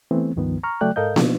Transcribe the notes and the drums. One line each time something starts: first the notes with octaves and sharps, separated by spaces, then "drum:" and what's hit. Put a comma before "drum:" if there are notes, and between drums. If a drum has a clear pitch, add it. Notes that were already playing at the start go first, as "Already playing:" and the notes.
E3 A3 B3 C4
C#2 G2 D#3 F3 B3
A#5 C#6 F6
C#3 F#3 A3 D5 G5 F#6
G#2 A4 A#4 D#5 F5 G6
B2 F3 A#3 D4 D#4 F4, drum: snare